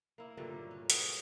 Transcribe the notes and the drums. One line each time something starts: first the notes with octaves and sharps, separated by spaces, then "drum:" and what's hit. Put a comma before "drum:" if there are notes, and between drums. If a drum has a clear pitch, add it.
A#3 E4
G2 A#2 D3 F#3
C#4
F#4 G#4 A4 B4, drum: hi-hat